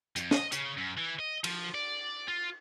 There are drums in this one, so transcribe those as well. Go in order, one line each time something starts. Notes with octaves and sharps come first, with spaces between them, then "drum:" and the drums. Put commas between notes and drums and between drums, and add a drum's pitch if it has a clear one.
F2, drum: hi-hat
D#5, drum: snare
C#3, drum: hi-hat
F#2
E3
D#5
F3, drum: cymbal
D5
F4